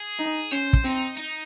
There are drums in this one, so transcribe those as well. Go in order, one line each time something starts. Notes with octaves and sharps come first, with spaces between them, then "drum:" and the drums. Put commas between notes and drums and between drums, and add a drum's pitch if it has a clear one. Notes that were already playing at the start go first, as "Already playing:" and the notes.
Already playing: G#4
D#4
C#4 C5
drum: kick
C4 D#4
D#4